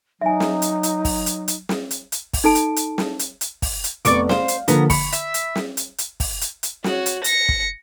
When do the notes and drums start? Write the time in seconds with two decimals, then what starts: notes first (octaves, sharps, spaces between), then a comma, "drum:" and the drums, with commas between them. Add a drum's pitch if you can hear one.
0.21 F#3 D#4 E5 G#5
0.40 drum: snare
0.62 drum: hi-hat
0.83 drum: hi-hat
1.05 drum: kick, open hi-hat
1.26 drum: hi-hat
1.48 drum: hi-hat
1.69 drum: snare
1.91 drum: hi-hat
2.12 drum: hi-hat
2.33 drum: kick, open hi-hat
2.44 D#4 A4 A5 D7
2.55 drum: hi-hat
2.76 drum: hi-hat
2.98 drum: snare
3.19 drum: hi-hat
3.41 drum: hi-hat
3.62 drum: kick, open hi-hat
3.84 drum: hi-hat
4.05 F1 B3 D5 C#6 D6, drum: hi-hat
4.29 C5 F5, drum: snare
4.48 drum: hi-hat
4.68 D3 F3 A#3 B3 A#5, drum: hi-hat
4.90 B5 C#6, drum: kick, open hi-hat
5.13 E5, drum: hi-hat
5.34 drum: hi-hat
5.55 drum: snare
5.77 drum: hi-hat
5.98 drum: hi-hat
6.20 drum: kick, open hi-hat
6.41 drum: hi-hat
6.63 drum: hi-hat
6.84 F#4 C#5, drum: snare
7.06 drum: hi-hat
7.24 A#6 C#7, drum: hi-hat
7.49 drum: kick